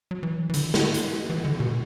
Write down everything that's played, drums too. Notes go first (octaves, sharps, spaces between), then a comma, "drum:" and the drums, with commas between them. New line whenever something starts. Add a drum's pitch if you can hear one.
F#3
E3
E3
D3, drum: hi-hat
drum: snare
drum: hi-hat
E3
D3
B2